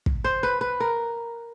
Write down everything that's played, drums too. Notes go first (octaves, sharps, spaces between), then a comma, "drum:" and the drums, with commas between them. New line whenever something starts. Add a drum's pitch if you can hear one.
drum: kick
C5
B4
B4
A#4